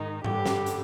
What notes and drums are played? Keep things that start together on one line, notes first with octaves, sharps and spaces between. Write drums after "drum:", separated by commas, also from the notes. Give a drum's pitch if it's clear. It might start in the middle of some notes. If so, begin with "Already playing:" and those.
Already playing: G#2 D#3 D#4
G2 D3 G3 G4, drum: tom G#2
drum: snare
drum: hi-hat